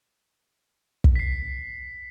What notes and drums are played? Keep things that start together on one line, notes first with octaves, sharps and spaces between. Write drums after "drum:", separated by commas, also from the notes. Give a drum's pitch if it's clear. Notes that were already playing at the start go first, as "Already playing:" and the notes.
drum: kick
B6 C7